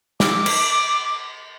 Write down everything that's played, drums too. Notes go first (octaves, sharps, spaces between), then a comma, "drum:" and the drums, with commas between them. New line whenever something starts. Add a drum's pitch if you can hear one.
D6, drum: snare
drum: cymbal